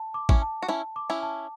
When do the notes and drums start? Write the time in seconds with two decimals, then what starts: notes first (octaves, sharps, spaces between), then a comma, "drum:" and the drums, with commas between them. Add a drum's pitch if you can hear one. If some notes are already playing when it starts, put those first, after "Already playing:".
Already playing: A5
0.14 D6
0.29 C#4 E4, drum: kick
0.42 A5
0.62 F#4
0.68 C#4 E4 A5
0.96 D6
1.10 C#4 E4
1.23 A5